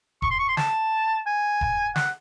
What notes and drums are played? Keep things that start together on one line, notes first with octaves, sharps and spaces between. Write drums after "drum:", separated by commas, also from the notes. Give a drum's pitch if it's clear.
C#6, drum: kick E1
C6
C#6
C6
A5, drum: snare
G#5
drum: kick E1
F#5, drum: snare